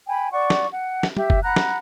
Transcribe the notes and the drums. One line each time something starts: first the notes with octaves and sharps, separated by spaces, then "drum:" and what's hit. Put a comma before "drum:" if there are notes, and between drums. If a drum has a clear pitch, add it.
G5 G#5 B5
D5 F#5 C#6
drum: snare
F#5
drum: snare
G4 E5, drum: tom
drum: kick
F#5 A#5 B5 F#6
drum: snare